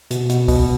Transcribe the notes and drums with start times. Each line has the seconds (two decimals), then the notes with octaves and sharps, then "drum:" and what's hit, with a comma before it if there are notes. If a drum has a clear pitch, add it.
0.11 B2, drum: hi-hat
0.29 B2, drum: hi-hat
0.48 B2, drum: kick, open hi-hat